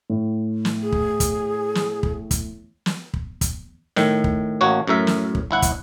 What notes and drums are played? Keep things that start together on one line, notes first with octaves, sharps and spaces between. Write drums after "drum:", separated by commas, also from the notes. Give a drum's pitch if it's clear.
A2
drum: snare
G#4
drum: kick
drum: kick, hi-hat
drum: snare
drum: kick
drum: kick, hi-hat
drum: snare
drum: kick
drum: kick, hi-hat
A2 D#3, drum: snare
drum: kick
A1 A#3 F#4 C#5
F#2 A2 A#4 E5
drum: snare
drum: kick
G1 E4 F#5
drum: kick, hi-hat